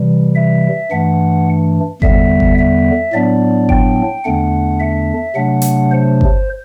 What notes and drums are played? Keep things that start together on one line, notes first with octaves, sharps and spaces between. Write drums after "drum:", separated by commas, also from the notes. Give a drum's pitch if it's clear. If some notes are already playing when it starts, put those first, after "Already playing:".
Already playing: C3 E3 G3
E5
G2 E3 A3 D4 F#5
E2 D3 G3 B3 E5, drum: kick G1
drum: kick G1
E5
A2 F#3 B3 D4 D5
G5, drum: kick G1
E2 D3 A3 D4 F#5
E5
C3 F#3 A3 D4 F#5
drum: hi-hat
C5
drum: kick G1